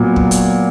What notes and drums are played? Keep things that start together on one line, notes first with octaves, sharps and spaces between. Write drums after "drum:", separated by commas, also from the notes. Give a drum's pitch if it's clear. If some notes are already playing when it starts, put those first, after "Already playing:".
Already playing: A#2 F#3 B3
drum: kick
drum: hi-hat